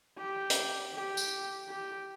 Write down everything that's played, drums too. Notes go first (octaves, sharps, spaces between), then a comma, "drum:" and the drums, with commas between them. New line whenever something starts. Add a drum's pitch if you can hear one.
G4
drum: hi-hat
G4
drum: tambourine
G4